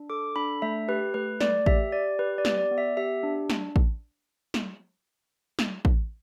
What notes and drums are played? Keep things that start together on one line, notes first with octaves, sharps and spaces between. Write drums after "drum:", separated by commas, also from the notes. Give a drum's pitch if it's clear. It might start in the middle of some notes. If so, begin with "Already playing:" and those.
Already playing: D4
A4 D6
D4 B5
A3 E5
G4 B4
A3 B4
A3 D5, drum: snare
G4 E5, drum: kick A1
G4 D5
G4 B4
D5
B3, drum: snare
D5
B3
E5
G4 E5
D4
drum: snare
drum: kick A1
drum: snare
drum: snare
drum: kick A1